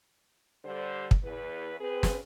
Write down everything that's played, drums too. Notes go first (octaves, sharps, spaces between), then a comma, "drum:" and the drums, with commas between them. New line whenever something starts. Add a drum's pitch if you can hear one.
D3 G3 C5
drum: kick
E2 B4
C4 G#4 B4
drum: snare